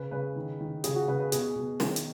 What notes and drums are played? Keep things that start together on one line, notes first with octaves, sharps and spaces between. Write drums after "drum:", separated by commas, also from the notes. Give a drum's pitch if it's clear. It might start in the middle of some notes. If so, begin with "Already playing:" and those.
Already playing: C#3 B4
C#3 B4
D#3
D#3
C#3 G#4, drum: hi-hat
F#4
C#3 B4
B4
B2 G#4, drum: hi-hat
B2
D#3, drum: snare
drum: hi-hat